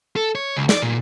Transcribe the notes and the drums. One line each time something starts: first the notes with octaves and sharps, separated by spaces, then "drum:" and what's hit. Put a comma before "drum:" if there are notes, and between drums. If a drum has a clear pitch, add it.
A4
C#5
C#2
D5, drum: snare
A#2